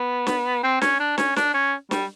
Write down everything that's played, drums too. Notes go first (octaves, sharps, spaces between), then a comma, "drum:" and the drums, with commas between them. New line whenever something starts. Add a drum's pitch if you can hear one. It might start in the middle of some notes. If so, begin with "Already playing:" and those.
Already playing: B3
drum: snare
C4
C#4, drum: snare
D4
C#4, drum: snare
D4, drum: snare
C#4
G3, drum: snare